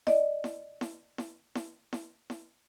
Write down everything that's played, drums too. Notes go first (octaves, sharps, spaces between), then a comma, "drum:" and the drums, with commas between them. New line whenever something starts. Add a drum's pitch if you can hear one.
D5 D#5, drum: snare E4
drum: snare E4
drum: snare E4
drum: snare E4
drum: snare E4
drum: snare E4
drum: snare E4